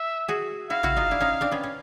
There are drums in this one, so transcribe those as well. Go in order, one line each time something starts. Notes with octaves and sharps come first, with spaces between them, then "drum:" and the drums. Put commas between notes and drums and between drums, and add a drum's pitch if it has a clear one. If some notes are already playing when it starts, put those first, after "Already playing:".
Already playing: E5
F#4 G#4
E4 F#4 F5
E4 F#4, drum: tom
D#4 F4
D4 E4
C#4 D#4
C4 D4
B3 C#4
C#4